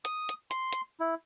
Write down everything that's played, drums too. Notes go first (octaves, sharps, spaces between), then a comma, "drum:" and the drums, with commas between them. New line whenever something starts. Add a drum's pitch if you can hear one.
D#6, drum: hi-hat
drum: hi-hat
C6, drum: hi-hat
drum: hi-hat
E4